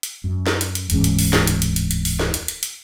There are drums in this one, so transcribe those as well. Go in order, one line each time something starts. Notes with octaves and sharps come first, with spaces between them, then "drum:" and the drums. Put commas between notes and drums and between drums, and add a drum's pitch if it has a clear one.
drum: hi-hat
F#2
drum: snare
drum: hi-hat
drum: hi-hat
D1 E2 G#2 C#4, drum: hi-hat
drum: hi-hat
drum: open hi-hat
drum: snare
drum: hi-hat
drum: hi-hat
drum: hi-hat
drum: hi-hat
drum: open hi-hat
drum: snare
drum: hi-hat
drum: hi-hat
drum: hi-hat